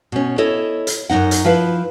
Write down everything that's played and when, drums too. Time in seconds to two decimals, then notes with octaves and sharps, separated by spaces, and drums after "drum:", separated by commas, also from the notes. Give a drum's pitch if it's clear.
0.12 B2 C#4
0.38 E4 A4 C#5 D#5
0.87 drum: hi-hat
1.10 F#2 C#3 D#4 F#5
1.31 drum: hi-hat
1.45 F3 E4 B4 F5